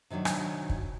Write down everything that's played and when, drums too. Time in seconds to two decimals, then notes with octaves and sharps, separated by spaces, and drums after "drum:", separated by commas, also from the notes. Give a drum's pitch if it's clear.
0.10 C3 D#3 F#3 D4 D#4
0.25 drum: rim click
0.69 drum: kick